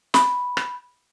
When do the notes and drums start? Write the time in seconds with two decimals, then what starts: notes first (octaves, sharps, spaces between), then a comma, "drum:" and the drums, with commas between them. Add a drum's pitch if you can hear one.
0.14 B5, drum: snare
0.57 drum: rim click